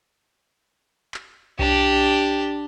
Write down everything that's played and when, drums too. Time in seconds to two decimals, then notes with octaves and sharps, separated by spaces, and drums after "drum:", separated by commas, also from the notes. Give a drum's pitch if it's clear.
1.14 drum: clap
1.59 D4 G4, drum: kick B1